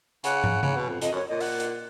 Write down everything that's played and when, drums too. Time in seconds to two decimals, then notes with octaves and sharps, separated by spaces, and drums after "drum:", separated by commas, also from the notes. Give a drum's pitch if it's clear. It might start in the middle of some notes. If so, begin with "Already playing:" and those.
0.24 C#3 F#5, drum: hi-hat
0.44 drum: tom
0.63 C#3, drum: tom C#3
0.76 B2
0.89 F2
1.02 F2 D#5, drum: hi-hat
1.11 F#2 C#5
1.28 A#2 D#5
1.40 F#5, drum: open hi-hat
1.60 drum: hi-hat